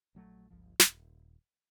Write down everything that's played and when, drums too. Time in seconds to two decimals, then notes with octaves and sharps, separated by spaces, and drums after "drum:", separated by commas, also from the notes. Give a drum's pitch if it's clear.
0.15 A#1 F#3 A3
0.50 G1 C#2 F3
0.80 D#1, drum: snare